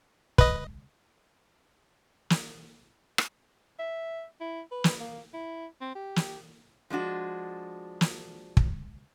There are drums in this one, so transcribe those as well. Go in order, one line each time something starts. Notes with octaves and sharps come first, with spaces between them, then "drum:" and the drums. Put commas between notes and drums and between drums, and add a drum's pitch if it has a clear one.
B4 D#5, drum: kick
drum: snare
drum: rim click
E5
E4
B4
drum: snare
A#3
E4
C4
G4
drum: snare
F3 G#3 D4 F#4
drum: snare
drum: kick